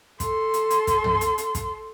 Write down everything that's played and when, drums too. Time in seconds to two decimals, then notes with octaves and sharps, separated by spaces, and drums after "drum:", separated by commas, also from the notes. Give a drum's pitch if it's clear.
0.20 A4 C6, drum: kick, hi-hat
0.54 drum: hi-hat
0.70 drum: hi-hat
0.87 drum: kick, hi-hat
1.04 drum: tom
1.21 drum: hi-hat
1.38 drum: hi-hat
1.55 drum: kick, hi-hat